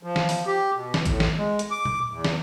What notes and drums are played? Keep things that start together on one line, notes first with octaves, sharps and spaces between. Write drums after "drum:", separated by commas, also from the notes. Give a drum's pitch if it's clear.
F3
drum: snare
drum: open hi-hat
G4
B2
drum: snare
A2, drum: kick, hi-hat
drum: snare
G#3
drum: hi-hat
D6
drum: tom A#2
E2
drum: snare